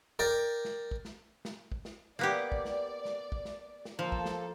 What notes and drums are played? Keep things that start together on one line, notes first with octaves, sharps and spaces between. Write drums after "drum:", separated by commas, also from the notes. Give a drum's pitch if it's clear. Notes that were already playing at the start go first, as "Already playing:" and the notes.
A#4 D5 G5
drum: snare
drum: kick
drum: snare
drum: snare
drum: kick
drum: snare
A#3 B3 G4 D5
drum: kick
drum: snare
drum: snare
drum: kick
drum: snare
drum: snare
F3 A#3 A4
drum: kick
drum: snare